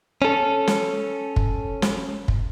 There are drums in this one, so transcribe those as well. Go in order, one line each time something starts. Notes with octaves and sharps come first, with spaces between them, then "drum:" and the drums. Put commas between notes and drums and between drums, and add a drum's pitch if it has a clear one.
C#4 A4
drum: snare
drum: kick
drum: snare
drum: kick